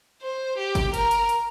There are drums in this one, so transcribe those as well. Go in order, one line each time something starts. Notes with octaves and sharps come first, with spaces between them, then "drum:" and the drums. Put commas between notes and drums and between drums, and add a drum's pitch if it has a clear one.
C5
G4
drum: kick G1, hi-hat
A#4, drum: hi-hat
drum: hi-hat
drum: hi-hat